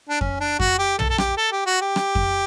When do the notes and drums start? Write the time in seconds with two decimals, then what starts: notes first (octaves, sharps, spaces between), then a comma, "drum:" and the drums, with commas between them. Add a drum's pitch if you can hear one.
0.09 D4
0.21 C#4, drum: kick F2
0.40 D4
0.60 F#4, drum: kick F2
0.79 G4
0.99 A4, drum: tom
1.10 A4
1.18 G4, drum: rim click
1.37 A4
1.52 G4
1.66 F#4
1.81 G4
1.96 drum: rim click
2.15 drum: kick F2